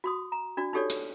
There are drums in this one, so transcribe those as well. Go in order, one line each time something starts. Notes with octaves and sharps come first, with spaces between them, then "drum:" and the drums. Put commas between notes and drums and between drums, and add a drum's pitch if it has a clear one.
F#4 C6 D#6
A#5
D4 F#4 D5
D#4 F#4 G4 A4 C#5 D5
drum: hi-hat